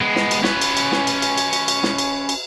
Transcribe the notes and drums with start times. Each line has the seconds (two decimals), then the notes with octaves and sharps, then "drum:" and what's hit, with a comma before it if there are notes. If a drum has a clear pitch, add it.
0.01 G#3 B3
0.16 drum: snare
0.31 drum: cymbal
0.44 C#4 B4, drum: snare
0.61 drum: cymbal
0.77 drum: cymbal
0.92 drum: snare
1.07 drum: cymbal
1.22 drum: cymbal
1.38 drum: cymbal
1.53 drum: cymbal
1.68 drum: cymbal
1.83 drum: snare
1.99 drum: cymbal
2.29 drum: cymbal